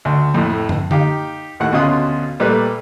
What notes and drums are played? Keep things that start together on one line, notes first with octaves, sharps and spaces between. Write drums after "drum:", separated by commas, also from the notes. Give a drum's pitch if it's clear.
D2
F2 A2
drum: tom
D#4 G4 F5, drum: tom D3
D#2 A2 F#5
D2 B2 C#4 F4 D#6 F#6
A#2 G3 A3 B4